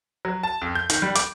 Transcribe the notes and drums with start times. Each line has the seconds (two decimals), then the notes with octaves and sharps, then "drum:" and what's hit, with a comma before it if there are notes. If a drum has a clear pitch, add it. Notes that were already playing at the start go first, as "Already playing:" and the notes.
0.25 F#3
0.43 A5
0.62 F2
0.75 G6
0.90 D#3, drum: hi-hat
1.02 G3
1.15 D6, drum: hi-hat